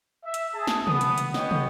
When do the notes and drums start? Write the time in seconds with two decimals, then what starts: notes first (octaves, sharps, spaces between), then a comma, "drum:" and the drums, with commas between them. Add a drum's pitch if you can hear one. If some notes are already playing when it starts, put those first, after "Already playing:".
0.25 E5
0.34 drum: hi-hat
0.54 G#4 A5
0.67 drum: snare
0.87 B3 D#6, drum: tom C3
1.01 drum: hi-hat
1.18 drum: hi-hat
1.34 B3 C#5 D#5 F#5 G5, drum: snare
1.51 drum: tom